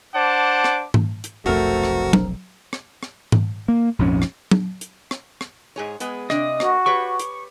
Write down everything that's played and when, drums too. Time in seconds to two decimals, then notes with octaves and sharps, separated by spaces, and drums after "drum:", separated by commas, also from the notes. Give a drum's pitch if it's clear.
0.15 D4 C5 F#5 A5 D6
0.64 drum: rim click
0.94 drum: tom G#2
1.24 drum: hi-hat
1.46 F1 B1 F2 A3 C4 F#4 A#4
1.83 drum: rim click
2.13 drum: tom F#3
2.73 drum: rim click
3.03 drum: rim click
3.32 drum: tom G#2
3.68 A#3
3.99 A#1 F2 G#2 C#4
4.22 drum: rim click
4.51 drum: tom F#3
4.81 drum: hi-hat
5.11 drum: rim click
5.41 drum: rim click
5.76 G#2 G#4 C#5
6.00 G#3 B3 G#4, drum: hi-hat
6.30 C3 D4 D#5, drum: rim click
6.60 A#3 F#4, drum: rim click
6.86 G4 B4 C#5 C#6
7.19 drum: hi-hat